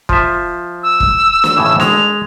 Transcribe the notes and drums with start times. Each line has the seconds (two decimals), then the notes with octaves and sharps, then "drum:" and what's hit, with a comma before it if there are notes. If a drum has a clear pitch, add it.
0.09 F3 E5, drum: kick
0.83 E6
1.00 drum: kick
1.44 drum: snare
1.57 A2 C#3 E3
1.80 G#3 F7, drum: snare